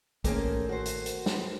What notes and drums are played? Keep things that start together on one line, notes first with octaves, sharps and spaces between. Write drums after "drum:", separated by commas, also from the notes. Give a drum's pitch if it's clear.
A1 D#3 A3 A#3 C4 C#4 G#4 A#4, drum: kick, hi-hat
F#4 C5
drum: hi-hat
drum: hi-hat
drum: snare